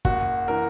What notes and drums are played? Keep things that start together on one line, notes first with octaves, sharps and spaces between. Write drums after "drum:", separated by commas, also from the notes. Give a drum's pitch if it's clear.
F#1 F#4, drum: kick
E3 A#4